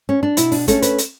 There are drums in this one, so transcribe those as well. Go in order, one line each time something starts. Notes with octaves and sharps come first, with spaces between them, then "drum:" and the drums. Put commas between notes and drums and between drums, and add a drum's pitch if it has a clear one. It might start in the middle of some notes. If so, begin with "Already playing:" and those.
C#4
D4
B2 E4, drum: hi-hat
D4, drum: open hi-hat
A3 C#4 A4, drum: kick, hi-hat
B4, drum: hi-hat
drum: hi-hat